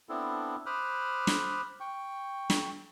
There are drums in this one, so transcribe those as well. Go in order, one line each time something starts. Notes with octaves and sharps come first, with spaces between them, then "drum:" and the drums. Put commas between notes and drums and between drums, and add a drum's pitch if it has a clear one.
B3 C4 D4 E4 A4
C5 B5 D6 D#6 F6 F#6
drum: snare
G5 C#6
drum: snare